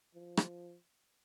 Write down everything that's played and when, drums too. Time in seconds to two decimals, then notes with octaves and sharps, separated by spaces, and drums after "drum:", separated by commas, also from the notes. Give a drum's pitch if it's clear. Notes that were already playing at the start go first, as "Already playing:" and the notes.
0.15 F3
0.37 drum: rim click